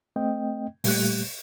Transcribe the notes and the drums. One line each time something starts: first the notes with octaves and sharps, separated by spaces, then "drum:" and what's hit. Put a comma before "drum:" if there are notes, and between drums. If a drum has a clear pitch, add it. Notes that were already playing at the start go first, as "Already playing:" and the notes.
A3 C4 D#5 G5
A#2 G3 A3 G4 F#6, drum: open hi-hat